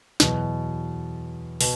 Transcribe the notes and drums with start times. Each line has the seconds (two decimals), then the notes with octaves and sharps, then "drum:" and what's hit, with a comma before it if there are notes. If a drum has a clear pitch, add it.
0.20 E2 B2 F#3, drum: snare
1.61 B2, drum: open hi-hat